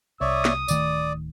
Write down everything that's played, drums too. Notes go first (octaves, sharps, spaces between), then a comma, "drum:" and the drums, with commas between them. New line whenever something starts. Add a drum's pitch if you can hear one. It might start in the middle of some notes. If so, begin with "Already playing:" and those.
C2 C#5 D5 E5 D#6
drum: snare
D1 D#3 A3 D5, drum: tambourine